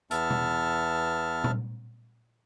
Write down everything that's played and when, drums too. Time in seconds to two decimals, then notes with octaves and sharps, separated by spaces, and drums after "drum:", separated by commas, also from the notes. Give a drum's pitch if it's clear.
0.11 E2 B3 E5 A5 F6, drum: hi-hat
0.30 drum: tom B2
1.44 drum: tom A#2